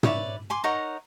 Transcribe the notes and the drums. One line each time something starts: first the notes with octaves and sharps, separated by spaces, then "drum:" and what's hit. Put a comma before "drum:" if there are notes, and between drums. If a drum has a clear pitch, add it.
B4 C#5 D5 E5, drum: tom
G#5 C6 D6
D#4 A#4 C#5 F#5